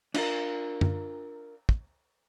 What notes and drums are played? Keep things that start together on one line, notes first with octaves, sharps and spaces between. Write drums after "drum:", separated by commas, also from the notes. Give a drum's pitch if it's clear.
D4 F4 A#4, drum: cymbal
drum: tom F#2
drum: kick